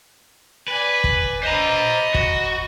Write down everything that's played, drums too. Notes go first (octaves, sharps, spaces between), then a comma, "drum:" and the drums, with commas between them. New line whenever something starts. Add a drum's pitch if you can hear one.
B4 D5 G#5
drum: kick
C5 D#5 A#5 B5
F#4, drum: kick